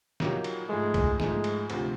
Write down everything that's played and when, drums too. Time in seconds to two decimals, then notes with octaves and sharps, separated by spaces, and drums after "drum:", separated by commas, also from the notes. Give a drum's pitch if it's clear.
0.20 A#2 F#3 A#3 D#4 G4, drum: snare
0.44 drum: cymbal
0.69 G#2 F3 G#3 A3
0.94 drum: kick, cymbal
1.20 G#2 F3 G#3 A3, drum: snare
1.44 drum: cymbal
1.70 D2 C3 F3, drum: cymbal